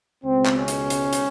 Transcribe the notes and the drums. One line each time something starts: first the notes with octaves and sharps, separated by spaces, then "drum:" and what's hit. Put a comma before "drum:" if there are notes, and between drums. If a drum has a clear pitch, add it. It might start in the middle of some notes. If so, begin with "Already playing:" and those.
C#2 B2 G#3 C4
drum: clap
C#4
drum: hi-hat
drum: hi-hat
drum: hi-hat